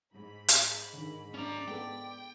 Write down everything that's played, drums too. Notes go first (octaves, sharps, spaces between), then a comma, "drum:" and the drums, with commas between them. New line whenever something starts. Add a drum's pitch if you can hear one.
G#2 B5
drum: hi-hat
D3 D#3
C#4 D4 D5 A#5
G#3 B3 A4 G5